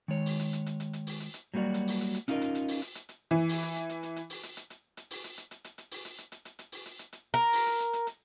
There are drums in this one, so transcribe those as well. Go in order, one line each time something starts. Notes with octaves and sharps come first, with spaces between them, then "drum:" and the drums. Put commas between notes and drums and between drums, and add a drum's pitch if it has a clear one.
D#3 G#3 C#5
drum: open hi-hat
drum: hi-hat
drum: hi-hat
drum: hi-hat
drum: hi-hat
drum: hi-hat
drum: open hi-hat
drum: hi-hat
drum: hi-hat
F#3 G3 A#3 F#4 D5
drum: hi-hat
drum: open hi-hat
drum: hi-hat
drum: hi-hat
C#4 D#4 F4 F#4 A#4 D#5, drum: hi-hat
drum: hi-hat
drum: hi-hat
drum: open hi-hat
drum: hi-hat
drum: hi-hat
drum: hi-hat
E3
drum: open hi-hat
drum: hi-hat
drum: hi-hat
drum: hi-hat
drum: hi-hat
drum: hi-hat
drum: open hi-hat
drum: hi-hat
drum: hi-hat
drum: hi-hat
drum: hi-hat
drum: open hi-hat
drum: hi-hat
drum: hi-hat
drum: hi-hat
drum: hi-hat
drum: hi-hat
drum: open hi-hat
drum: hi-hat
drum: hi-hat
drum: hi-hat
drum: hi-hat
drum: hi-hat
drum: open hi-hat
drum: hi-hat
drum: hi-hat
drum: hi-hat
A#4
drum: open hi-hat
drum: hi-hat
drum: hi-hat
drum: hi-hat
drum: hi-hat